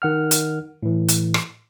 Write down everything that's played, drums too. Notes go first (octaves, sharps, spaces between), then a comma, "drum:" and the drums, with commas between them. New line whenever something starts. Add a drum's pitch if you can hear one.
D#3 F#5 F6
drum: hi-hat
A2 E3
drum: hi-hat
drum: rim click